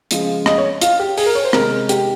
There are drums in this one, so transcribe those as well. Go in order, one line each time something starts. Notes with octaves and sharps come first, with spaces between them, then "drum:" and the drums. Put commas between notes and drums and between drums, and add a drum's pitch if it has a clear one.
C#3 F3 G#3, drum: hi-hat
D#5, drum: rim click
C#5
F4, drum: hi-hat
G4
G#4, drum: open hi-hat
A#4
C#5
C5
C3 D#3 G#3 A#4, drum: rim click
G4, drum: hi-hat